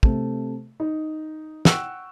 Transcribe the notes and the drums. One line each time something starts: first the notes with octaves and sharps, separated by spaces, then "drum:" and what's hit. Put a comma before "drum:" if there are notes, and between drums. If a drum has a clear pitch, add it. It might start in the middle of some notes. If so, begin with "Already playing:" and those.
C3 A3, drum: kick
D#4
F#5 G5 C#6 E6 F#6 D7, drum: snare